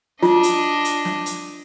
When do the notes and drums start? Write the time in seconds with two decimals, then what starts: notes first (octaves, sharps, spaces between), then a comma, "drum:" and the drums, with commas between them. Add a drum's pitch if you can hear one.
0.22 D4 F4 D#5, drum: snare
0.43 drum: hi-hat
0.84 drum: hi-hat
1.05 drum: snare
1.26 drum: hi-hat